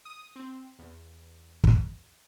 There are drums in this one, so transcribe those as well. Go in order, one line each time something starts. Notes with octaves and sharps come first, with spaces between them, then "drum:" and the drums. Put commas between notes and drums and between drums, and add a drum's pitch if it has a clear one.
D#6
C4
E2
drum: kick